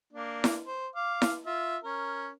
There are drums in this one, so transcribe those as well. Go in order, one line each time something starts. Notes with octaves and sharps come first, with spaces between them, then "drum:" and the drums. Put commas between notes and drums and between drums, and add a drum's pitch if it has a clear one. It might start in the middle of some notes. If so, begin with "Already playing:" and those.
A#3 D4
drum: snare E4
C5
F5 D6
drum: snare E4
F4 E5
C#4 A#4